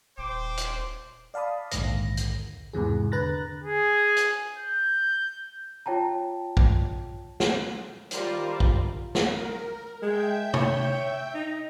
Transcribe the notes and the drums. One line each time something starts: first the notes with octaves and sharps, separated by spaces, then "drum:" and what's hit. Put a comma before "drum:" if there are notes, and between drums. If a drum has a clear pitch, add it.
D#1 C5 G5 D6
drum: hi-hat
D5 F5 A5 B5 D#6
A#1 D#2 G#2 D3 A#6, drum: hi-hat
drum: hi-hat
E2 G#2 C3 E3 G#4
D3 B4 A#5 F#6 A6 A#6
G#4
drum: hi-hat
G6
F4 C#5 G5 A5 A#5
drum: kick A#1
drum: snare
D#3 G3 F4 A#4 C5 D5, drum: hi-hat
drum: kick A#1
drum: snare
A#4
G#3 E5 G5 G6
C#5, drum: tom C3
D#4